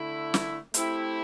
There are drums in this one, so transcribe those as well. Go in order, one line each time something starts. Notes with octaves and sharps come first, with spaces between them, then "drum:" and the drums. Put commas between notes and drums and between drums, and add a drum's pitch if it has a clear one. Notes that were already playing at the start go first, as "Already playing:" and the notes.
Already playing: D3 A3 E4
drum: snare
A3 C4 E4 G4, drum: hi-hat